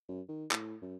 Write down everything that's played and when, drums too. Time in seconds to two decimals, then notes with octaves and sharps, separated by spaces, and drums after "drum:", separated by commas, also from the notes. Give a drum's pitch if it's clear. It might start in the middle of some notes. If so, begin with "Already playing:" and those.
0.09 F#2
0.28 D#3
0.51 A2, drum: clap
0.82 F#2